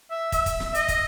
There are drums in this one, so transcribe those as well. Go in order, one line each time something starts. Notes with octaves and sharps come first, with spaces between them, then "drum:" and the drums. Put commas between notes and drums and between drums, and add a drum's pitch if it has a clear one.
E5
E5, drum: kick, hi-hat
drum: kick, hi-hat
drum: snare
D#5, drum: hi-hat
drum: kick, hi-hat